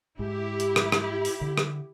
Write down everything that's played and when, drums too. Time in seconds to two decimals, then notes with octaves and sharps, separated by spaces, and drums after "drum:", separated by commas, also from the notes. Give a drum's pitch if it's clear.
0.19 G#2 E4 G4
0.60 drum: hi-hat
0.76 drum: rim click
0.92 drum: rim click
1.25 drum: open hi-hat
1.41 D3
1.58 drum: rim click